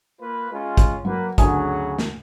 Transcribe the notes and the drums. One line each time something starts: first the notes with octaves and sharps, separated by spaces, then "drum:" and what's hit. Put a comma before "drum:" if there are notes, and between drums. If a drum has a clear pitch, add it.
A#3 F4 B4
G#3 C#4 F4
drum: kick, hi-hat
F#3 A#3 B4
D2 C#3 F#3 G#5 D#6, drum: kick, hi-hat
drum: snare